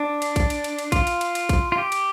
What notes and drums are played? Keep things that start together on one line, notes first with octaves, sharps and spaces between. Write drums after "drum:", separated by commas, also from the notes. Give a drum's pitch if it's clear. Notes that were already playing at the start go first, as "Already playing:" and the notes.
Already playing: D4
drum: cymbal
drum: kick A1, cymbal
drum: cymbal
drum: cymbal
drum: cymbal
F4, drum: kick A1, cymbal
drum: cymbal
drum: cymbal
drum: cymbal
drum: kick A1, cymbal
F4
G4
drum: cymbal